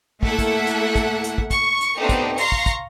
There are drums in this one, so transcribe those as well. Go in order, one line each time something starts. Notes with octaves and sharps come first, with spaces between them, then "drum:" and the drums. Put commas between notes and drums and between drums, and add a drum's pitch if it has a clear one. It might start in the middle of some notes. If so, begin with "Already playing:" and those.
A3 A#3 E4 A4 E5 F#5, drum: kick
drum: kick, hi-hat
drum: hi-hat
drum: kick, hi-hat
drum: hi-hat
drum: kick
C#6, drum: kick, hi-hat
drum: hi-hat
A3 B3 C4 D4 D#4 G4
drum: kick, hi-hat
F5 A#5 C6 C#6 A#6 C7, drum: hi-hat
drum: kick
drum: kick, hi-hat